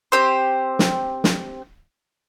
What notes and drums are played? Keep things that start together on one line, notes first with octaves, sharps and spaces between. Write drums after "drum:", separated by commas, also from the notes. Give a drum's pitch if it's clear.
C4 G4 C5
drum: snare
drum: snare